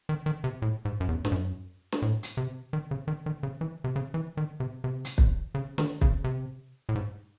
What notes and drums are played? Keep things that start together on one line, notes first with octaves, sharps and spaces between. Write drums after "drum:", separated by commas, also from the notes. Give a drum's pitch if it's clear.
D#3
D#3
C3
A2
G#2
F#2
E2
G#2, drum: snare
F#2
drum: snare
A2
drum: hi-hat
C3
D#3
C#3
D#3
D#3
C#3
E3
C3
C#3
E3
D#3
C3
C3
drum: hi-hat
drum: kick
C#3
D#3, drum: snare
C#3, drum: kick
C3
A2
G#2